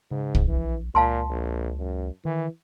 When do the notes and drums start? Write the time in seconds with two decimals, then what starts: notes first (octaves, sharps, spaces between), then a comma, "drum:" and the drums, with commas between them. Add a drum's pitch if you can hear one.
0.11 G#2 C#3
0.35 drum: kick
0.47 A#1 E3
0.95 C#2 A#2 F5 A5 C6
1.30 A#1
1.79 F#2
2.25 D#3 E3